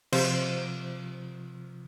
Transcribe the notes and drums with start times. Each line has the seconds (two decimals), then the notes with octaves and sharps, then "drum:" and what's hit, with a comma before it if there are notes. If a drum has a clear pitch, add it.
0.12 C3 F3 F4 C5, drum: cymbal